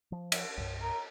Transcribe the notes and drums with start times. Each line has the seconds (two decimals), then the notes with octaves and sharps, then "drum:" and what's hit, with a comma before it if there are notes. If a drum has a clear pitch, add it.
0.12 F3
0.32 drum: cymbal
0.57 C2 G2
0.82 A#4